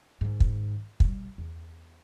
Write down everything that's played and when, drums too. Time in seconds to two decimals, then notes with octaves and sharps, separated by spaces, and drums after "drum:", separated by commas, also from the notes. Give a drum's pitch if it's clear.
0.21 G#2 D#3
0.40 drum: kick
1.00 B2 G3, drum: kick
1.38 E2